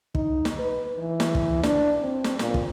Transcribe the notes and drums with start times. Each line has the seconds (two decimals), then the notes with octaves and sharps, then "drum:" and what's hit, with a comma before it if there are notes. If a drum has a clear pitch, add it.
0.15 D#4, drum: kick
0.45 drum: snare
0.59 B4
0.98 E3
1.20 drum: snare
1.35 drum: kick
1.63 D4, drum: snare
2.02 C4
2.24 drum: snare
2.39 A#2, drum: snare
2.54 drum: kick